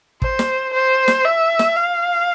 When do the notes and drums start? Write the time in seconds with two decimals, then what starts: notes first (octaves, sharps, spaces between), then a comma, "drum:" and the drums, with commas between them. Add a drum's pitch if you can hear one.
0.22 C5, drum: kick
0.39 drum: snare
0.74 C5
1.08 drum: snare
1.25 E5
1.59 drum: snare
1.76 F5